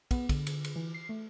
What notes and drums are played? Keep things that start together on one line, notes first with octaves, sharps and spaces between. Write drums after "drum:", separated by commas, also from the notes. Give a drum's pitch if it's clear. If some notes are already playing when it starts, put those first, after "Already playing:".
B3, drum: kick, cymbal
D3, drum: kick, cymbal
drum: cymbal
drum: cymbal
E3
C7
A3